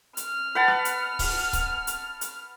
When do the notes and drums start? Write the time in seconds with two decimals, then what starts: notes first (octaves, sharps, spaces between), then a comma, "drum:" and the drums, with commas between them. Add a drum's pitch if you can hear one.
0.17 F6, drum: hi-hat
0.55 B4 F#5 A5
0.68 drum: rim click
0.85 drum: hi-hat
1.19 drum: kick C#1, open hi-hat
1.53 drum: kick C#1, hi-hat
1.87 drum: hi-hat
2.21 drum: hi-hat